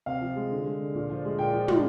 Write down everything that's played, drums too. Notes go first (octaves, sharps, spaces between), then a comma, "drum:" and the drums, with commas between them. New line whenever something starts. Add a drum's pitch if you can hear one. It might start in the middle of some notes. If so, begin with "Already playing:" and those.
C3 F5
F3
G#3
D3
G#3
D3
A#2
F3
G#3
A#2 G5
F3
G#3, drum: tom